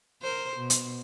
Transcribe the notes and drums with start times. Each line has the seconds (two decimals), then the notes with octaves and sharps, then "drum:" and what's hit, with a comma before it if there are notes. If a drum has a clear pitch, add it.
0.22 A#4 C5
0.57 B2
0.70 drum: hi-hat